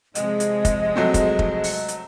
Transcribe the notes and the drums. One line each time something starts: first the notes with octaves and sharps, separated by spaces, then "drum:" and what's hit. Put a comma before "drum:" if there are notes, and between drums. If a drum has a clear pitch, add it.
C3 F3 G#3 D#5, drum: hi-hat
drum: hi-hat
drum: kick, hi-hat
F#3 A3 C4
drum: kick, hi-hat
drum: kick
drum: open hi-hat
drum: hi-hat